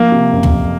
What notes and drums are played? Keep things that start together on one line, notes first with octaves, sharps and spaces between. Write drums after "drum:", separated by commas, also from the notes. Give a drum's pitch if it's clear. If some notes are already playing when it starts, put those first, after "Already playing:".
Already playing: F3 A#3
C3
F#1
drum: tom
F2